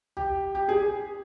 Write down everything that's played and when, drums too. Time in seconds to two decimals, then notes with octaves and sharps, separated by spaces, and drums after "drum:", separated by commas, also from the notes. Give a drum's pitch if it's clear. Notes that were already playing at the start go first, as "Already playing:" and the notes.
0.17 G4, drum: tom
0.55 G4
0.69 G#4